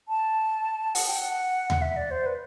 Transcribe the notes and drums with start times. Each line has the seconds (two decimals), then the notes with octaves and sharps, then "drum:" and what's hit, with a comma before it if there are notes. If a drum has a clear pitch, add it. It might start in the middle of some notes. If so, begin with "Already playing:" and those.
0.09 A5
0.95 F#5, drum: open hi-hat
1.07 G5
1.19 F#5
1.70 drum: tom D#2
1.82 E5
1.97 D5
2.11 C5
2.26 B4